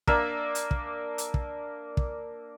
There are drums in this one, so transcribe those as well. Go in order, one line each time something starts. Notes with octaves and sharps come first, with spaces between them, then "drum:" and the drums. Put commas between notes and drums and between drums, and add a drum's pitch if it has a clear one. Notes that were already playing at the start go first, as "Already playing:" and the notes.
A#3 D4 E5, drum: kick
drum: hi-hat
drum: kick
drum: hi-hat
drum: kick
drum: kick